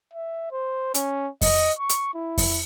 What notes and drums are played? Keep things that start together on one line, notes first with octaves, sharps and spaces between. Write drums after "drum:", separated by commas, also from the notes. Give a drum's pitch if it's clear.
E5
C5
C#4, drum: hi-hat
D#5, drum: kick F2, open hi-hat
C#6
drum: hi-hat
E4
drum: kick F2, open hi-hat